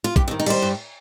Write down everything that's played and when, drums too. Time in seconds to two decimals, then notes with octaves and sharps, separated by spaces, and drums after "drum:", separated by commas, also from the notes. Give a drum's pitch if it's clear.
0.04 F4
0.16 G2 G4, drum: kick
0.28 C4
0.31 D#3
0.40 D#4
0.46 G3 C5, drum: cymbal
0.62 G2